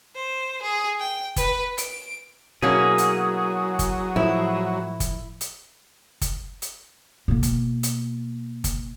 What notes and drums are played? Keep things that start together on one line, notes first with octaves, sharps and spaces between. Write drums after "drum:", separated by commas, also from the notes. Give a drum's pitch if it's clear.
C5
G#4
G5
B4, drum: kick, hi-hat
D7, drum: hi-hat
B2 E3 F#3 A#3 C#4 G#4
drum: hi-hat
drum: kick, hi-hat
A2 F3 E4
drum: kick, hi-hat
drum: hi-hat
drum: kick, hi-hat
drum: hi-hat
B2 A#3
drum: kick, hi-hat
drum: hi-hat
drum: kick, hi-hat